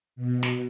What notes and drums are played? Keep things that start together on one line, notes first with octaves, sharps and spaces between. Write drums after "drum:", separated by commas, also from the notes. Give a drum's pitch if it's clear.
B2
drum: snare